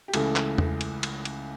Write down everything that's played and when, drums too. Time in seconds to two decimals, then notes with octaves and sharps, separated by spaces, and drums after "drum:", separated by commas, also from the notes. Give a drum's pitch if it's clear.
0.08 G4
0.14 C#2 C#3 E3 A3 A4, drum: cymbal
0.36 drum: clap
0.58 drum: tom E2
0.81 drum: cymbal
1.03 drum: cymbal
1.25 drum: cymbal